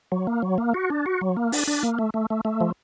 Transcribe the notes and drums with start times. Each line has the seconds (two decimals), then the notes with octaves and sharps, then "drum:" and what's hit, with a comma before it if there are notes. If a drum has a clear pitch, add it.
0.12 F#3
0.27 A#3
0.42 F#3
0.58 A#3
0.74 F#4
0.90 D4
1.06 F#4
1.21 F#3
1.37 A#3
1.52 D4, drum: open hi-hat
1.67 D4
1.83 A#3
1.99 A3
2.14 A3
2.30 A3
2.45 A3
2.61 F3